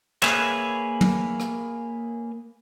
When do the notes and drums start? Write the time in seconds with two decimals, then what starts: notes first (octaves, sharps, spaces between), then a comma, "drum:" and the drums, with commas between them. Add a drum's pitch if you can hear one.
0.23 A#3 G#4 B4 C#5 E5, drum: clap
1.01 drum: tom
1.40 drum: rim click